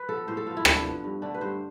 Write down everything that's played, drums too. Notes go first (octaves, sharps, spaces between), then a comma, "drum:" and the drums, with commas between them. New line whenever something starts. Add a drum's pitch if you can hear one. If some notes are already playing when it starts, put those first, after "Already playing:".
Already playing: B4
F3 B3 A4
A2 C5
A4
F3 B3 F4
E4
A2 D4, drum: rim click
F3 B3
G2
D3 A3 D4
B4
G2 C5